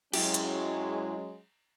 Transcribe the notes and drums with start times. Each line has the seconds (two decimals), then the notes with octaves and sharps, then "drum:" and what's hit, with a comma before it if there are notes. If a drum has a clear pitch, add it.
0.14 F#2 F#3 G#3 C#4 E4 G4, drum: cymbal
0.34 drum: hi-hat